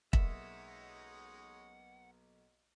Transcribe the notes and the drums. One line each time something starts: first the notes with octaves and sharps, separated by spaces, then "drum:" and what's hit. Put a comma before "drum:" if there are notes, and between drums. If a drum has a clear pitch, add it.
B1 G#3 A#3 C#4 D#4 E5 F#5, drum: kick